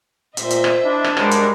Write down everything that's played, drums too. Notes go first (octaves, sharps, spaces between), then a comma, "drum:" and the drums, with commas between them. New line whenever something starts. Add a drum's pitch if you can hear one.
A#2 C5 D#5 E5, drum: hi-hat
drum: hi-hat
drum: rim click
D4 E4
drum: rim click
G2 F#3 G#3 A#4, drum: rim click
drum: hi-hat